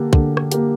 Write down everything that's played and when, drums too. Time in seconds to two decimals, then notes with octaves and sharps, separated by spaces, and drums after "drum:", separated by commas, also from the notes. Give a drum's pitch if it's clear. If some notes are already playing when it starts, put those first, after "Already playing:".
Already playing: D3 A#3 G4
0.13 D3, drum: kick
0.37 drum: rim click
0.52 A#3 G4, drum: hi-hat